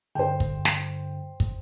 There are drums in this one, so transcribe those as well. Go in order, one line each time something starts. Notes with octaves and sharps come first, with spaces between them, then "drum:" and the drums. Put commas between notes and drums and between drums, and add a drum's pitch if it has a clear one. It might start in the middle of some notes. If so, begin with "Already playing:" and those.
G2 D3 C5 G5
drum: kick
drum: snare
drum: kick